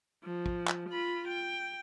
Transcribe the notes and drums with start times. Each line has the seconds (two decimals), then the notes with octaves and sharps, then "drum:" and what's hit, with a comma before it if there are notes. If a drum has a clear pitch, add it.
0.24 F3
0.46 drum: kick
0.67 drum: clap
0.89 F4 B5
1.28 G5